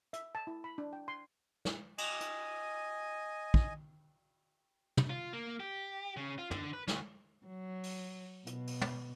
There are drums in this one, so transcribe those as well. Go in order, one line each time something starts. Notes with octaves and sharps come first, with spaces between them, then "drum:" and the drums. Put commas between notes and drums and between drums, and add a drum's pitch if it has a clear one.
E5, drum: hi-hat
A5
E4
B5
D4
G5
C6
drum: snare
D#5 G#5, drum: cymbal
drum: hi-hat
drum: kick
drum: tom
F4
A#3
G4
C#3
F4
D3, drum: tom
B4
D2, drum: snare
F#3
drum: open hi-hat
B2, drum: hi-hat
drum: open hi-hat
drum: tom